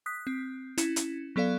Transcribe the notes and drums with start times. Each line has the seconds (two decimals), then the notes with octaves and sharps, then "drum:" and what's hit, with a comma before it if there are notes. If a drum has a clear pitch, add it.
0.06 D#6 F#6 B6
0.27 C4
0.78 C#4 E4, drum: hi-hat
0.96 drum: hi-hat
1.36 F#3 B3 A4 D5 F5